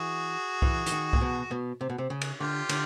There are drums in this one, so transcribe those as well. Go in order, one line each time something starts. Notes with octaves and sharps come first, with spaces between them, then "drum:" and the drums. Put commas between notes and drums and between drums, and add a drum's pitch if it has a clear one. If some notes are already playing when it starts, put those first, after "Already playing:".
Already playing: E3 F#4 G#4
E3, drum: kick C2
E3, drum: hi-hat
D#3
A#2, drum: kick C2
B2
B2
C3
B2
C3
C#3
drum: cymbal
D3 F4 G4
D3, drum: cymbal